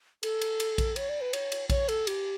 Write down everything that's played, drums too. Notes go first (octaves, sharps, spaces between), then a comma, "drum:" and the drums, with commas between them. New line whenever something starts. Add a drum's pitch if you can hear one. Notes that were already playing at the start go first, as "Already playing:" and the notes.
A4, drum: cymbal
drum: cymbal
drum: cymbal
drum: kick A#1, cymbal
C#5, drum: cymbal
D5
B4
C#5, drum: cymbal
drum: cymbal
C#5, drum: kick A#1, cymbal
A4, drum: cymbal
G4, drum: cymbal